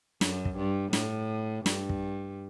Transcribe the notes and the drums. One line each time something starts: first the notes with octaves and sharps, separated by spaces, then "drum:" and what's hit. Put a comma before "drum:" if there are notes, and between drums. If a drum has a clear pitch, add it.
F#2, drum: snare
drum: kick
G2
A2, drum: snare
G2, drum: snare
drum: kick